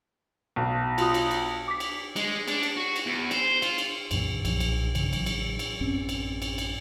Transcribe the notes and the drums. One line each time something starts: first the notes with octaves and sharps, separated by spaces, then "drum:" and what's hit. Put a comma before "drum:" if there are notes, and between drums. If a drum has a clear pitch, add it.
B1
F4 F#4 D#6, drum: cymbal
drum: cymbal
drum: cymbal
D6 B6
drum: cymbal
G#3, drum: cymbal
D4, drum: cymbal
drum: cymbal
F#4
drum: cymbal
E2
C5, drum: cymbal
F4, drum: cymbal
drum: cymbal
C2 F#2 A#2 E3, drum: cymbal
B1 A#2 F3, drum: cymbal
drum: cymbal
G2 C#3 E3, drum: cymbal
A1 F#3, drum: cymbal
drum: cymbal
drum: cymbal
A1 F#2 C4 C#4
drum: cymbal
drum: cymbal
drum: cymbal